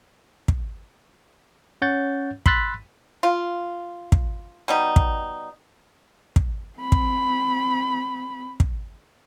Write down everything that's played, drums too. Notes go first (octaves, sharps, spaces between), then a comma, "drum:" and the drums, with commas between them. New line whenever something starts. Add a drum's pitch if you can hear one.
drum: kick
C#4 C#5 F#5 G6 A6
B5 C6 E6 F#6 A6 B6, drum: kick
F4
drum: kick
B2 G3 D#4
drum: kick
drum: kick
C4 B5
drum: kick
drum: kick